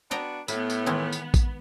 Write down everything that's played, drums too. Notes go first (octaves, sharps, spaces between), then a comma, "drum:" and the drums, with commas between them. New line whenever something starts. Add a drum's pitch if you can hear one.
B3 D4 F#4 D#5 G5 A#5
A2 B3 B4, drum: tambourine
drum: tambourine
D#3 E3 G#3
drum: tambourine
drum: kick A1, tambourine